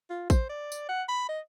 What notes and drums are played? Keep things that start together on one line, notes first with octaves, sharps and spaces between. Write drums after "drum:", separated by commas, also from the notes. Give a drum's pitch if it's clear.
F4
C5, drum: kick, tambourine
D5
drum: tambourine
F#5
B5
D#5